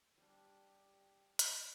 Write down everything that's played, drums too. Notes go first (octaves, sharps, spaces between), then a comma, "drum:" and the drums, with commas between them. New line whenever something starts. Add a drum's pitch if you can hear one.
G3 D4 G4
drum: hi-hat